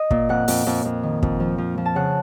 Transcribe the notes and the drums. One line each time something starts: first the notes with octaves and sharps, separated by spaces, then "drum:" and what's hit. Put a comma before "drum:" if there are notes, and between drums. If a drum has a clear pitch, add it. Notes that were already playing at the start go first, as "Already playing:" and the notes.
Already playing: D#5
A#2, drum: kick
F2 F#5
F2, drum: open hi-hat
F2
F2
D#3
F2, drum: kick
F3
F3
F3
A5
C#3 F#5